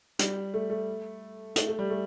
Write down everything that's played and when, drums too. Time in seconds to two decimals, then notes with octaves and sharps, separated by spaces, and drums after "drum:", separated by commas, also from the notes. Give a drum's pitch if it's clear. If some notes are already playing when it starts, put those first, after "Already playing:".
0.19 G3, drum: hi-hat
0.54 A3
0.70 A3
1.56 A3, drum: hi-hat
1.68 A3
1.79 G3
1.90 A3